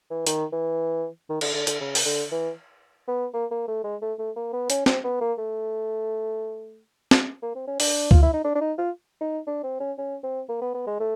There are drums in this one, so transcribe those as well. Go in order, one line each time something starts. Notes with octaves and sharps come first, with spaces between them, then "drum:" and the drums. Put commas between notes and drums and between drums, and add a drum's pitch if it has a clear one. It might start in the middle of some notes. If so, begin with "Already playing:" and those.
E3
D#3, drum: hi-hat
E3
D#3
D3, drum: cymbal
D3
D3, drum: hi-hat
C#3
drum: open hi-hat
D3
E3
B3
A#3
A#3
A3
G#3
A3
A3
A#3
B3
C#4, drum: hi-hat
C4, drum: snare
B3
A#3
A3
drum: snare
A#3
C4
C#4
D4, drum: open hi-hat
F4, drum: kick D2
E4
D#4
D4
D4
D#4
F4
D#4
D4
C4
C#4
C#4
C4
A#3
B3
B3
G#3
A3